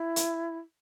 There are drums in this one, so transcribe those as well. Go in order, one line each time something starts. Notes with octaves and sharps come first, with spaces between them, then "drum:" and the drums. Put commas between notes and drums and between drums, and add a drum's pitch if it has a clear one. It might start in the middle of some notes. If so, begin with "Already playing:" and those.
Already playing: E4
drum: hi-hat